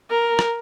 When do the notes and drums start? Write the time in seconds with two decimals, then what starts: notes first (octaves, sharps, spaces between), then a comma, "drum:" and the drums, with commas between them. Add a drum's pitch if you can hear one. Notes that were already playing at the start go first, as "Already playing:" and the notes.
0.10 A#4
0.39 drum: rim click